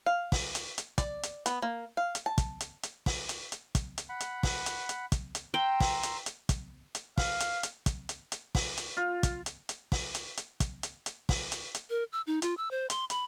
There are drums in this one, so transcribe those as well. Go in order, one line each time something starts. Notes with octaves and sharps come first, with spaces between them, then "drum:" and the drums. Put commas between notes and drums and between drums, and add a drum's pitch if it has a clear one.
F5
drum: kick, open hi-hat
drum: hi-hat
drum: hi-hat
D5, drum: kick, hi-hat
drum: hi-hat
B3, drum: hi-hat
A#3
F5
drum: hi-hat
A5
drum: kick, hi-hat
drum: hi-hat
drum: hi-hat
drum: kick, open hi-hat
drum: hi-hat
drum: hi-hat
drum: kick, hi-hat
drum: hi-hat
F#5 B5
drum: hi-hat
drum: kick, open hi-hat
drum: hi-hat
drum: hi-hat
drum: kick, hi-hat
drum: hi-hat
G5 A#5 C6 E6
drum: kick, open hi-hat
drum: hi-hat
drum: hi-hat
drum: kick, hi-hat
drum: hi-hat
F5, drum: kick, open hi-hat
drum: hi-hat
drum: hi-hat
drum: kick, hi-hat
drum: hi-hat
drum: hi-hat
drum: kick, open hi-hat
drum: hi-hat
F4
drum: kick, hi-hat
drum: hi-hat
drum: hi-hat
drum: kick, open hi-hat
drum: hi-hat
drum: hi-hat
drum: kick, hi-hat
drum: hi-hat
drum: hi-hat
drum: kick, open hi-hat
drum: hi-hat
drum: hi-hat
A#4
E6
D#4
F4, drum: hi-hat
E6
C5
C6, drum: hi-hat
B5, drum: hi-hat